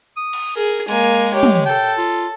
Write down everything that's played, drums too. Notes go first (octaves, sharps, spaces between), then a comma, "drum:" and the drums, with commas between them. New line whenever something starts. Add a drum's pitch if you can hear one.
D#6
drum: cymbal
G#4 A#4
G#3 A#3 G#5, drum: cymbal
G4 C#5
drum: tom
A4 G5
F4